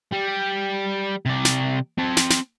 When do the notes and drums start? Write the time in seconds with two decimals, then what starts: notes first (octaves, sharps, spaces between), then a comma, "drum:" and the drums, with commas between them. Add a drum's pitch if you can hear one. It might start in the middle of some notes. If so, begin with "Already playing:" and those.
0.13 G3
1.26 C3 D5
1.45 drum: snare
1.98 C4 A5
2.17 drum: snare
2.30 drum: snare